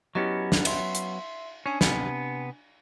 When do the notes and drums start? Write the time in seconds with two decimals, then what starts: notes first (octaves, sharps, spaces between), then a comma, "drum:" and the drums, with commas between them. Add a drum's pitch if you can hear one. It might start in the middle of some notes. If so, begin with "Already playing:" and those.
0.15 F#3 B3 C#4 E4 G4 D#5
0.52 drum: snare
0.65 E5 C6, drum: cymbal
0.95 drum: hi-hat
1.66 C#4 D4 G#5
1.81 C3 B3, drum: snare